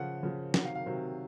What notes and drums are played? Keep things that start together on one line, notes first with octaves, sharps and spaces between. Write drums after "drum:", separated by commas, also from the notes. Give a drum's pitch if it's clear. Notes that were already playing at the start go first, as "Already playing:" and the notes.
Already playing: C#3 F3 F#5
C#3 F3
C3 D#3 F#3 F#5, drum: snare
F5
F5
C3 D#3 F#3